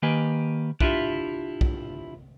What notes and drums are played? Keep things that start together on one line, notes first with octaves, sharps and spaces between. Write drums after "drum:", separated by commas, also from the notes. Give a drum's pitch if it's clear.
D#3 A#3 G4 B4 D#5 G#5
D4 E4 F4 G4 E5, drum: kick B1
drum: kick B1